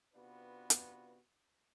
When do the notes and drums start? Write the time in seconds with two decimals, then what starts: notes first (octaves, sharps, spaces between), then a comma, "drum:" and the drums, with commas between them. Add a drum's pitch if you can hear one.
0.14 C3 B3 D4 F4 F#4 B4
0.70 drum: hi-hat